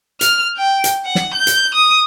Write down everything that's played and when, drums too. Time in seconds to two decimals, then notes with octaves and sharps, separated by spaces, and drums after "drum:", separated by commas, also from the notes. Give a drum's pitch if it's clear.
0.21 F6, drum: hi-hat
0.57 G5
0.84 drum: hi-hat
1.05 F#5
1.15 drum: snare
1.34 G6
1.47 drum: hi-hat
1.74 D#6